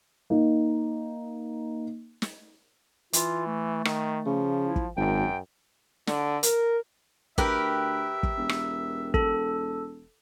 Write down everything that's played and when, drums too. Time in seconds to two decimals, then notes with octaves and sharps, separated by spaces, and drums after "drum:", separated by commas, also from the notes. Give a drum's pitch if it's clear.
0.30 A#3 D#4
2.22 drum: snare
3.13 E3 F4, drum: hi-hat
3.47 A3
3.85 D#3, drum: rim click
4.26 C#3 F3
4.65 E4
4.76 drum: kick
4.97 G#1 F#2 G5
6.07 D3, drum: snare
6.43 A#4, drum: hi-hat
7.38 D2 G4 A#4 B4 E5, drum: kick
8.23 drum: kick
8.38 E1
8.49 drum: rim click
9.14 A4, drum: kick